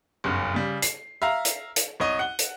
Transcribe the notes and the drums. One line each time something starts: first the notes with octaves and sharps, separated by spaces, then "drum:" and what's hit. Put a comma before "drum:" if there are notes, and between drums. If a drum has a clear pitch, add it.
F#1 B1 G2
C#3 G3
C7, drum: hi-hat
E5 F5 A#5
drum: hi-hat
drum: hi-hat
C2 C#5 D#5 D#7
F#5 G7
drum: hi-hat